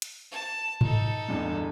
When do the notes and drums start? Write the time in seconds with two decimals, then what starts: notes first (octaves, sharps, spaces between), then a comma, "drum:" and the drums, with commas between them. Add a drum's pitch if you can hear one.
0.02 drum: hi-hat
0.31 A5
0.81 D#4 A4, drum: tom G#2
1.28 G1 E2 G2